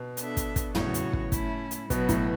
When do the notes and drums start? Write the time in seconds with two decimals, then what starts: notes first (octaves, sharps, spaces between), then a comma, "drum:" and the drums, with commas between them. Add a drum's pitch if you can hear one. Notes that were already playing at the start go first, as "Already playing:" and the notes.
Already playing: B2
0.17 B3 D4 A4 E5, drum: hi-hat
0.37 drum: kick, hi-hat
0.56 drum: kick, hi-hat
0.75 A2 C#3 F#3 B3 F#4 C#5, drum: tom
0.94 drum: hi-hat
1.13 drum: kick
1.32 A3 C#4 E4, drum: kick, hi-hat
1.71 drum: hi-hat
1.90 B2 F#3 B3 F#4 B4, drum: kick, hi-hat
2.09 A2, drum: kick, hi-hat